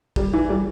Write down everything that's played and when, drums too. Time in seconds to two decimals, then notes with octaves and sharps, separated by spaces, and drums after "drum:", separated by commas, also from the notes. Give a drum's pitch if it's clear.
0.16 G3, drum: kick
0.34 E3
0.49 G3